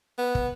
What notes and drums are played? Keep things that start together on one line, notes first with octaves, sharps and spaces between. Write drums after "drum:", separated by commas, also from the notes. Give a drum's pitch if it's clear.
B3
drum: kick